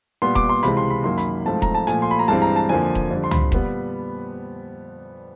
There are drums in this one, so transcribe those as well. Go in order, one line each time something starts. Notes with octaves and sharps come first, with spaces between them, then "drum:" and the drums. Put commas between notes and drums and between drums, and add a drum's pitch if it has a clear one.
A#2 G3 B3 C6
D6, drum: kick E1
C6
C#2 C3 E3 G#3 B5, drum: hi-hat
C6
B5
F#2 D#3 F#3 A#3 C6
B5, drum: hi-hat
G#2 F3 A3 C4 A5
A#5, drum: kick E1
A5
A#2 F3 A3 G#5, drum: hi-hat
C6
B5
A#5
G2 E3 G#3 C4 A5
A#5
A5
F2 D3 F3 A#3 G#5
drum: kick E1
F2 D3 G3
C6
B5, drum: tom
A#2 G3 B3, drum: kick E1